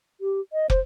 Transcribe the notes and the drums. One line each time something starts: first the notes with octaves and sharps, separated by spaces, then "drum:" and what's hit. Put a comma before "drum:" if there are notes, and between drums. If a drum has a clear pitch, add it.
G4
D#5
C5, drum: kick